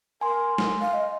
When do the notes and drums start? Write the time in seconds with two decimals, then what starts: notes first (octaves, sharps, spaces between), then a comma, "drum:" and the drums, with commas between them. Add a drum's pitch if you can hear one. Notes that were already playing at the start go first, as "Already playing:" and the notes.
0.21 A#4 G#5 C6
0.58 drum: snare
0.81 F5
0.93 D#5